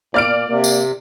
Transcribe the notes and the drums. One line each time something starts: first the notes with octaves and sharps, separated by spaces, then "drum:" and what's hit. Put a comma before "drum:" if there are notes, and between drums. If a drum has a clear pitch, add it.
A#2 D5 F6 D7
C3 A#3
drum: tambourine